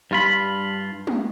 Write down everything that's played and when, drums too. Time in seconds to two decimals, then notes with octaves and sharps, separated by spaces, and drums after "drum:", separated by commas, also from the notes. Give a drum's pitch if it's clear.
0.11 G2 F4 B5
1.07 drum: tom